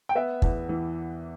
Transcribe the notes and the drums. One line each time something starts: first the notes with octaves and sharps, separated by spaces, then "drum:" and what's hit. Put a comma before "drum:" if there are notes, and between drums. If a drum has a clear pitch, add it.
G5
B3 E5
E2, drum: kick
E3